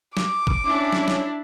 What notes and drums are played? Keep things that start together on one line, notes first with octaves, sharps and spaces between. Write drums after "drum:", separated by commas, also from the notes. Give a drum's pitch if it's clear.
D6, drum: snare
drum: kick A#1
C#4 D4 E4
drum: snare
drum: snare